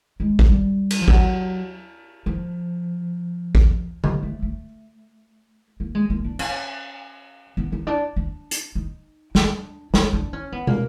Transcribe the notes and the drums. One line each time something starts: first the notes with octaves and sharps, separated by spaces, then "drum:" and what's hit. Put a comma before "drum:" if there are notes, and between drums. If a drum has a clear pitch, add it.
G#3
drum: kick A1
G3
drum: cymbal
F3
F#3, drum: kick A1
F3
drum: kick A1
F#3, drum: tom D3
A3
A3
A#3
G#3
A#3
D4
C#4, drum: cymbal
B3
C#4
D4
D4
drum: hi-hat
D#4
D4, drum: snare
D4, drum: snare
D4
C#4
B3
A#3, drum: tom